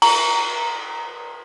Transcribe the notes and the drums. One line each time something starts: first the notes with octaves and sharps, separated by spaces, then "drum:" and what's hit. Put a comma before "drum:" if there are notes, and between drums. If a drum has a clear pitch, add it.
A#5, drum: cymbal